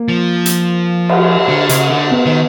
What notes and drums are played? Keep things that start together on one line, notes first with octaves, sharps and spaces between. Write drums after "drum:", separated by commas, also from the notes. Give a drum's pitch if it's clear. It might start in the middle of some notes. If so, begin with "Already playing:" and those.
Already playing: A#3
F3
drum: hi-hat
drum: cymbal
D3
C#3, drum: hi-hat
D3
B3
D#3